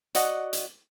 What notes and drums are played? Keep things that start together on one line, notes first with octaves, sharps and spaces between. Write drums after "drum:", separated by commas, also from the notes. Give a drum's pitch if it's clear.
F#4 D5 D#5 F#5, drum: hi-hat
drum: hi-hat